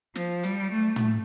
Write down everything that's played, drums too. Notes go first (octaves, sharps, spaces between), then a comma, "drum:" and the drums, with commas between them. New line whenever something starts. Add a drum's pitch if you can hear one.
F3, drum: snare
G3, drum: hi-hat
A3
drum: tom